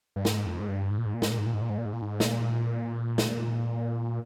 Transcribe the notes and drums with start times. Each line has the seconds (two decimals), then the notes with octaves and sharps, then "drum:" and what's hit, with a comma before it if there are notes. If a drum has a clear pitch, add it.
0.16 G2
0.25 G#2, drum: snare
0.46 F2
0.60 G#2
0.68 G2
0.90 G#2
0.98 A#2
1.06 G#2
1.14 A#2
1.22 G#2, drum: snare
1.30 A#2
1.38 G#2
1.46 A#2
1.54 G#2
1.62 A#2
1.70 G#2
1.78 A#2
1.85 G#2
1.93 A#2
2.02 G#2
2.20 A#2, drum: snare
3.18 drum: snare